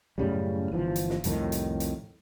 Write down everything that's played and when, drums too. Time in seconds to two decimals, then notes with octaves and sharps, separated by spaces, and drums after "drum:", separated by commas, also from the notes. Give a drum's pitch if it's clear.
0.18 F#2 A2 C#3 G3
0.71 G1 E3 F3
0.96 drum: hi-hat
1.10 drum: snare
1.24 C2 F2 A2 D#3, drum: hi-hat
1.52 drum: hi-hat
1.80 drum: hi-hat